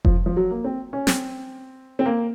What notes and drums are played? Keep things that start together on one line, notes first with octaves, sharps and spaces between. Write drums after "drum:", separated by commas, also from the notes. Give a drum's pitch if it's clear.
F3, drum: kick F1
F3
F#3
A#3
C4
C#4
C4, drum: snare
C4
A#3